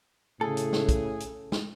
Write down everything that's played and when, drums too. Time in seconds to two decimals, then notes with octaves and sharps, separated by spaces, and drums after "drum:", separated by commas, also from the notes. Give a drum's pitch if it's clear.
0.41 A2 C#3 G#4 A4
0.57 drum: hi-hat
0.73 drum: snare
0.89 drum: kick, hi-hat
1.20 drum: hi-hat
1.52 drum: snare